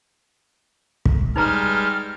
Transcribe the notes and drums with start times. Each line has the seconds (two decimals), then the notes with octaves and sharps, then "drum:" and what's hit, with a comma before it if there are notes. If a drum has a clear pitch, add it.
1.06 drum: kick
1.36 G3 G#3 D#4 B4 A#5 F6